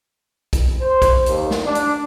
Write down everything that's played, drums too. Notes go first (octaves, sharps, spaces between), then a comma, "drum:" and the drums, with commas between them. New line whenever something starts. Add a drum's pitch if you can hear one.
drum: kick B1, hi-hat
C5
drum: kick B1, hi-hat
D#2, drum: hi-hat
drum: snare
D4
drum: hi-hat